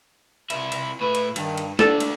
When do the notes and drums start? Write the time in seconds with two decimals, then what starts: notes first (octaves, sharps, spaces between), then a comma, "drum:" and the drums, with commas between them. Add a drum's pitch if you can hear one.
0.50 C3 E4, drum: cymbal
0.72 drum: cymbal
1.01 A2 E4 B4
1.15 drum: cymbal
1.36 G2 D#3, drum: cymbal
1.58 drum: cymbal
1.79 D4 F#4 A4 D5, drum: snare
2.00 drum: cymbal